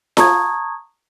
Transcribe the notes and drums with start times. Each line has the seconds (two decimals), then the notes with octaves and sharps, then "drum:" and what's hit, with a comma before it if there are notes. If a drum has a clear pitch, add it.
0.17 A5 A#5 C#6 D#6 G#6, drum: snare F4